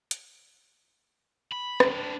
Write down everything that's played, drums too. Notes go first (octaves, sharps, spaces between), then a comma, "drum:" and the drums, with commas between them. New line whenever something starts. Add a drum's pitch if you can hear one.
drum: hi-hat
B5
C4 D4, drum: rim click